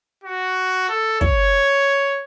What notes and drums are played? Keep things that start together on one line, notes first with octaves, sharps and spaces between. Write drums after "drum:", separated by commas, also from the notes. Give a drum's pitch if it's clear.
F#4
A4
C#5, drum: kick